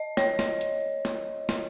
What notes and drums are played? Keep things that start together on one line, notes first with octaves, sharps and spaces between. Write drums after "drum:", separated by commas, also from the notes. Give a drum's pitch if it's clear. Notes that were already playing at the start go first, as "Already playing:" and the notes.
Already playing: D#5
C#5, drum: snare
drum: snare
drum: hi-hat
drum: snare
drum: snare